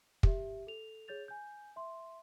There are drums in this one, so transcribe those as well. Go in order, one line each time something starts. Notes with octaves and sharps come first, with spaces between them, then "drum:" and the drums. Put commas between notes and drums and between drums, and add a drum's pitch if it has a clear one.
G4 E5, drum: kick
A4 F7
G#4 C#5 G6 A6 F7
G#5 G6
E5 C6